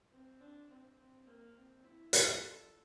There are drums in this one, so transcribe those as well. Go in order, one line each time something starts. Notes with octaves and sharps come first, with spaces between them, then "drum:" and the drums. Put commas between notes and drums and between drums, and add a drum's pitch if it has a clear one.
C4
D4
C4
C4
A#3
C4
E4
F4, drum: hi-hat
A4